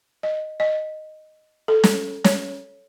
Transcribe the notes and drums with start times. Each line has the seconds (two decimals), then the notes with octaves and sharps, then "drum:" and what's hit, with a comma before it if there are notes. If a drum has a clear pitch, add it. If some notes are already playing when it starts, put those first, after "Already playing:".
0.23 D#5
0.60 D#5
1.68 A4
1.84 drum: snare
2.24 C#5, drum: snare